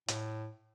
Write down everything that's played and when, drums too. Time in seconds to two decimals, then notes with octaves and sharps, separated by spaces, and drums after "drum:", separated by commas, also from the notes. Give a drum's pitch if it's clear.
0.08 A2, drum: hi-hat